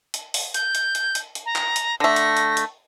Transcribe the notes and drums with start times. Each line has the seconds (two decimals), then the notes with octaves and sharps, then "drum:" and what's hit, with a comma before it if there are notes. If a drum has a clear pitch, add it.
0.14 drum: hi-hat
0.34 drum: open hi-hat
0.54 G6, drum: hi-hat
0.75 drum: hi-hat
0.95 drum: hi-hat
1.15 drum: hi-hat
1.35 drum: hi-hat
1.46 A#5
1.56 drum: clap
1.76 drum: hi-hat
2.00 D3 A3 A#6
2.16 drum: hi-hat
2.37 drum: hi-hat
2.57 drum: hi-hat